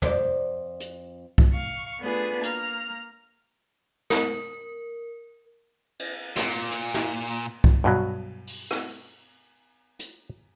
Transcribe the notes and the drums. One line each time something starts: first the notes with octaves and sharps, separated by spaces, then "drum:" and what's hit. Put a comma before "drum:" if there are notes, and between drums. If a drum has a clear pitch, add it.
F2 C5 D5, drum: tom
drum: hi-hat
drum: kick C2
F5 C#6
A3 B3 D4 F4 G#4 B4
A#3 A#5 F6, drum: hi-hat
A#4, drum: snare
drum: cymbal
A#2, drum: snare
drum: hi-hat
drum: snare
drum: tambourine
drum: kick C2
G2 B2 F#3
drum: open hi-hat
drum: rim click
drum: hi-hat